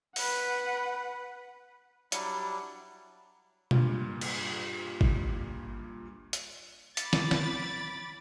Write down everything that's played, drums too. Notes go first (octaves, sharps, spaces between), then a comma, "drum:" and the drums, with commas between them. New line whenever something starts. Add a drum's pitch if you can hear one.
B4 F#5, drum: open hi-hat
F#3 G3 D4 E4, drum: hi-hat
G2 A#2, drum: tom B2
drum: cymbal
drum: kick G1
drum: hi-hat
B5 D6 A6, drum: hi-hat
drum: snare
drum: snare